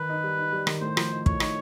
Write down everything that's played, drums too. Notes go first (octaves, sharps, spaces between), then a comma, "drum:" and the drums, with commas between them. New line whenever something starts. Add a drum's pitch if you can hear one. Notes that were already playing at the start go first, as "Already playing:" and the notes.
Already playing: D#3 B4
D#4
G3
D#4
G3
D#3, drum: rim click
A2 C5
F3, drum: rim click
D#4
A2 C#5, drum: kick
D#4, drum: rim click